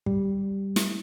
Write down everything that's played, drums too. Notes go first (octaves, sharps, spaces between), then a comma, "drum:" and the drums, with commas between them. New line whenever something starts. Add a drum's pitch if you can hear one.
G3, drum: kick
drum: snare